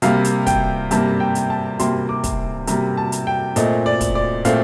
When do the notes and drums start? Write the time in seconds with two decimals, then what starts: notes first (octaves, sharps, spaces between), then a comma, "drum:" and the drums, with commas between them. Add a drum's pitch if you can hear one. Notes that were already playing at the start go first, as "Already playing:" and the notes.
0.02 C3 G3 A#3 F5, drum: hi-hat
0.24 drum: hi-hat
0.47 G5, drum: kick, hi-hat
0.91 C3 G3 A#3 A5, drum: hi-hat
1.20 G5
1.35 drum: hi-hat
1.50 A5
1.79 C3 G3 A#3 C6, drum: hi-hat
2.09 D6
2.24 drum: kick, hi-hat
2.67 C3 G3 A#3 A#5, drum: hi-hat
2.97 A5
3.12 drum: hi-hat
3.27 G5
3.56 A#2 A3 C4 D#5, drum: hi-hat
3.86 D5
4.01 drum: kick, hi-hat
4.15 D5
4.45 A#2 A3 C4 F5, drum: hi-hat